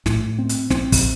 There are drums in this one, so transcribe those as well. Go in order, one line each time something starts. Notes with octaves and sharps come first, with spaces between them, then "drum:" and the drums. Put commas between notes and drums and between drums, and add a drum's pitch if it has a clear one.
A2, drum: snare
C4
drum: hi-hat
C4, drum: snare
drum: kick, open hi-hat